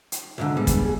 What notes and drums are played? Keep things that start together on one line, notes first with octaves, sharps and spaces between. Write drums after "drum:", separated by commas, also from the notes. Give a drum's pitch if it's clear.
drum: hi-hat
C2 G#2 D3
G3 G#3 B3
drum: kick, hi-hat
G#4